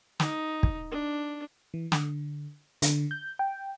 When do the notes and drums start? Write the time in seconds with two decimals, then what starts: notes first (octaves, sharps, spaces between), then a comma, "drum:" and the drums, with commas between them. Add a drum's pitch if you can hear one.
0.20 D#4, drum: snare
0.63 drum: kick
0.92 D4
1.74 E3
1.92 D3, drum: snare
2.82 D3, drum: hi-hat
3.11 G6
3.39 G5